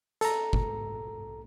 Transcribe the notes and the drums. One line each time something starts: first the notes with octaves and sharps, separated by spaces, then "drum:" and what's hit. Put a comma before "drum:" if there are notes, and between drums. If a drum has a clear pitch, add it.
A4 A#5, drum: hi-hat
drum: kick G1